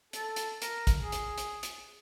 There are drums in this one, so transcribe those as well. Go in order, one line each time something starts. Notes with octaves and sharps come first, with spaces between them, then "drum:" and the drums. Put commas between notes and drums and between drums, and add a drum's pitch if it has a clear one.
A4, drum: hi-hat
drum: hi-hat
A#4, drum: hi-hat
drum: kick, hi-hat
G#4
drum: hi-hat
drum: hi-hat
drum: hi-hat